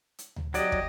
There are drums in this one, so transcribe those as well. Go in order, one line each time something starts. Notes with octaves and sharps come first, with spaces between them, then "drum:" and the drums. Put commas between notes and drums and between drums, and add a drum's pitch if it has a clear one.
drum: hi-hat
drum: tom D2
F#3 G4 D5 D#5, drum: hi-hat
drum: kick